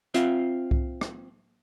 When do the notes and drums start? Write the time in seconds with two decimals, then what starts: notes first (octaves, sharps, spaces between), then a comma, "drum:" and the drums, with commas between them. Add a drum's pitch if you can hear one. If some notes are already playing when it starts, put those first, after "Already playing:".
0.14 C4 F4 E5, drum: hi-hat
0.71 drum: kick C2
1.01 drum: rim click